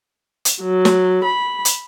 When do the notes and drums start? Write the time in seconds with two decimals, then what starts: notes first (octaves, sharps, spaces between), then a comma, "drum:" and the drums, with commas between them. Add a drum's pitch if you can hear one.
0.45 drum: hi-hat
0.63 F#3
0.85 drum: snare
1.25 B5
1.65 drum: hi-hat